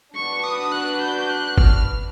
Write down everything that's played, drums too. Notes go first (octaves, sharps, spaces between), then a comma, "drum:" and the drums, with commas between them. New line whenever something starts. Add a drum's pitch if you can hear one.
D4 F#4 B4 C#6
D#6
F#6
G6
F#6
F6, drum: kick G1